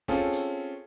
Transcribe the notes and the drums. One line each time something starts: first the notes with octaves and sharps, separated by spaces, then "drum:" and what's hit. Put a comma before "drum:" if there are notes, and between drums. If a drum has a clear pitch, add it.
C4 C#4 F4 G#4 A4, drum: snare
drum: hi-hat